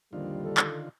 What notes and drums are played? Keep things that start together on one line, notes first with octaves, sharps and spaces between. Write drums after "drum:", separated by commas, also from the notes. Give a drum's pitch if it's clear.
A#1 E2 D3 D#3 G3 F4
A4
drum: clap